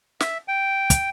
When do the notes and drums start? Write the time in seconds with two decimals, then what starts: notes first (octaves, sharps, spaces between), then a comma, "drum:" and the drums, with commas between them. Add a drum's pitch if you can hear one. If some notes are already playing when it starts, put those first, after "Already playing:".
0.20 E5, drum: snare
0.48 G5
0.90 drum: kick, hi-hat